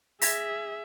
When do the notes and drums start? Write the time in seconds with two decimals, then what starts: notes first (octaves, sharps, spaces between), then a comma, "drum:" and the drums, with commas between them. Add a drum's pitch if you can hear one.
0.22 G#4 E5 G#6 A#6 B6, drum: open hi-hat